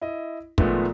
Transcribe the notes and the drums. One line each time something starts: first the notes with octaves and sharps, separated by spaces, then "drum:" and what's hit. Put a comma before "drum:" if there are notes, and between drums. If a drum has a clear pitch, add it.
E4 D#5
A#2 D#3 F3 G#3 A3 B3, drum: kick